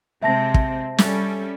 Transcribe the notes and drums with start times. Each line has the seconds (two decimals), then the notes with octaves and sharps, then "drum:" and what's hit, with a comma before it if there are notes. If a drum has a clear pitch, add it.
0.23 C3 G#3 C4 E5 A5 A#6
0.54 drum: kick
0.98 G3 C#4 A4, drum: snare